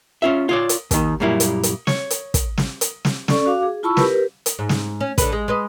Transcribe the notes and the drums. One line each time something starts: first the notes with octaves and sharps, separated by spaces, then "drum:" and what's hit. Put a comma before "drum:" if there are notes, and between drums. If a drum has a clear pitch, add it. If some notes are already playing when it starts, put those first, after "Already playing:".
C#4 F4 E5
F4 C#5 D5
drum: hi-hat
D#2 D#3, drum: kick, hi-hat
F#2 A#2 G3 A#3 E4
drum: hi-hat
drum: hi-hat
C#5, drum: snare
drum: hi-hat
drum: kick, hi-hat
drum: snare
drum: hi-hat
drum: snare
C#4 A4 D5 C#6, drum: snare
F#4 F5 D6
G#4
E4 F4 A5 B5 C#6 E6
G4 A#4 B4, drum: snare
drum: hi-hat
G#2
drum: snare
C#4
D3 B4, drum: kick, hi-hat
G#3
G#3 B4 D#5